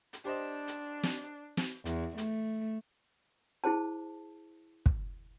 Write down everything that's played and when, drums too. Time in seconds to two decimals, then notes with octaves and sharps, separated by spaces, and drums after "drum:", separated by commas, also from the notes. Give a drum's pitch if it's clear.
0.13 drum: hi-hat
0.25 D4 G4 C5 D#5
0.68 drum: hi-hat
1.03 drum: snare
1.57 drum: snare
1.86 E2, drum: hi-hat
2.18 A3, drum: hi-hat
3.64 E4 G#4 C5 A5
4.86 drum: kick